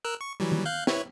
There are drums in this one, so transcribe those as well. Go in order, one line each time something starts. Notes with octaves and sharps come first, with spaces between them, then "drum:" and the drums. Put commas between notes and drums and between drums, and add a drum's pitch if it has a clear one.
A#4 E6 F#6
C#6
E3 F#3 G3
drum: tom D#3
F5 F#6 G6
E4 B4 C#5, drum: snare